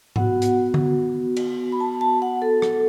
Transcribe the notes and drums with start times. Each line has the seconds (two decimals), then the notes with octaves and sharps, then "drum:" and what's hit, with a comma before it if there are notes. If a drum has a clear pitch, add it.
0.16 B3 F#4 F#5, drum: tom G#2
0.42 drum: hi-hat
0.74 drum: tom D3
1.36 drum: cymbal
1.72 B5
1.80 A5
2.01 A5
2.22 F#5
2.42 A4
2.62 A4, drum: rim click